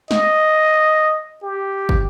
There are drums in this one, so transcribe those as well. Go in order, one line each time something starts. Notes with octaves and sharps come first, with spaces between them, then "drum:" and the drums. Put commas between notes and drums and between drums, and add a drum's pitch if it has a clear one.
D#5, drum: snare
G4
drum: kick